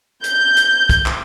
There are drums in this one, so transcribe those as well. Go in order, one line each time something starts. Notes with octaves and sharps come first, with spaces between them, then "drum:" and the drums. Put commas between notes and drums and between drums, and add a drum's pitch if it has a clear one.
G6, drum: hi-hat
drum: hi-hat
drum: kick, hi-hat
drum: clap